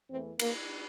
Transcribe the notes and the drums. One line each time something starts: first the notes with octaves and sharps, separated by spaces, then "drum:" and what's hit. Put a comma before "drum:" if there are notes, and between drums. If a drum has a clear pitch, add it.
E2 E3 A3 C4
A#3, drum: cymbal